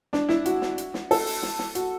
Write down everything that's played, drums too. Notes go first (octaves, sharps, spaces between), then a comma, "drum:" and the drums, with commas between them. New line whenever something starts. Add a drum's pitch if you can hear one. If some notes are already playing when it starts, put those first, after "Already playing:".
D4, drum: snare
E4, drum: snare
F#4, drum: hi-hat
drum: snare
drum: hi-hat
drum: snare
A4, drum: open hi-hat
drum: open hi-hat
drum: snare
drum: snare
F#4, drum: hi-hat